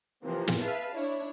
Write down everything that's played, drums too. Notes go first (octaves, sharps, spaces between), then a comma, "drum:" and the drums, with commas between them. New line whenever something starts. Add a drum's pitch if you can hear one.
C3 E3 F3 A#3 C4
drum: snare
G#4 B4 E5 F5 A5
D4 E4 C#5